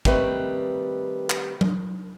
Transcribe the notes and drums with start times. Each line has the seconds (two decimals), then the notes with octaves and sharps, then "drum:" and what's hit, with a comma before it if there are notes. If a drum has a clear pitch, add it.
0.05 D#3 G3 A3 C4 B4, drum: kick
1.30 drum: clap
1.61 drum: tom F#3